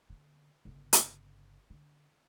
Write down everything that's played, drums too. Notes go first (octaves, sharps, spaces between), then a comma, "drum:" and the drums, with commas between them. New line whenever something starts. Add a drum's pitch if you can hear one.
D3 B3
G1 C#3
drum: hi-hat
D3